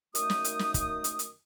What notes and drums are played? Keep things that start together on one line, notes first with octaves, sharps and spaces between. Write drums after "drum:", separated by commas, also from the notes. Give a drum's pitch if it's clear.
F#2 D#3 A3 D#4 D#6, drum: hi-hat
drum: snare
drum: hi-hat
drum: snare
drum: kick, hi-hat
drum: hi-hat
drum: hi-hat